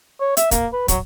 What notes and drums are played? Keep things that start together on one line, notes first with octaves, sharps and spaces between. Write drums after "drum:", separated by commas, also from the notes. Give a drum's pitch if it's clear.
C#5
E5, drum: hi-hat
A#3, drum: kick, hi-hat
B4
F#3, drum: kick, hi-hat